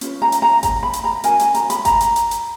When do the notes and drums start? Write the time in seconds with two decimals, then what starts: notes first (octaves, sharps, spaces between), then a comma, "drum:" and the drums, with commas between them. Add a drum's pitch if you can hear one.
0.01 C#4 F4 B4, drum: hi-hat
0.22 A#5
0.32 drum: hi-hat
0.42 A#5
0.63 A#5, drum: kick G1, hi-hat
0.83 B5
0.93 drum: hi-hat
1.04 A#5
1.24 C#4 F#4 A#4 G#5, drum: hi-hat
1.40 G#5, drum: hi-hat
1.55 A#5, drum: hi-hat
1.70 B5, drum: hi-hat
1.85 A#5, drum: kick G1, hi-hat
2.01 drum: hi-hat
2.16 drum: hi-hat
2.31 drum: hi-hat